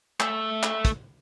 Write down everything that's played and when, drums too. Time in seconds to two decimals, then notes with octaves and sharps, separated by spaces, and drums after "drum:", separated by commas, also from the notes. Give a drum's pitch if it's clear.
0.20 A3 E5, drum: clap
0.63 drum: clap
0.85 drum: kick, hi-hat